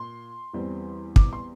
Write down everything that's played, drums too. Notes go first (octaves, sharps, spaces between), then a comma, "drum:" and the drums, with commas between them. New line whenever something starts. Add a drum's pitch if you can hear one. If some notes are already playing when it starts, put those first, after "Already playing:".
Already playing: A#2 C6
E2 E3 G3 C4
D6, drum: kick
C6